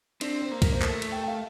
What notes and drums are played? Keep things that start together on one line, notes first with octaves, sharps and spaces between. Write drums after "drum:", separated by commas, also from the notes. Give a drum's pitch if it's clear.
C4 D4, drum: cymbal
C5
A#3
A#4, drum: kick, cymbal
C5
A3 A#4, drum: clap
drum: cymbal
G5
G5
F5